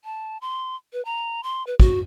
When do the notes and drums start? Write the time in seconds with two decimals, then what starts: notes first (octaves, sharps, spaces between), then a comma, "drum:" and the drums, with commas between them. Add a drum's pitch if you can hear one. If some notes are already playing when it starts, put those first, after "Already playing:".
0.04 A5
0.42 C6
0.93 B4
1.05 A#5
1.43 C6
1.67 B4
1.80 F#4, drum: kick